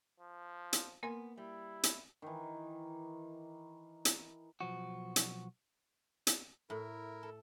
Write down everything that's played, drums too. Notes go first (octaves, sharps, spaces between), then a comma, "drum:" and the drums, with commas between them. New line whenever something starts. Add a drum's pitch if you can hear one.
F3
drum: hi-hat
A#3 B3 A#4 G#5 C6
G3 E4
drum: hi-hat
D#3 E3
drum: hi-hat
B1 F3 F#4
drum: hi-hat
drum: hi-hat
A2 E4 A#4
A4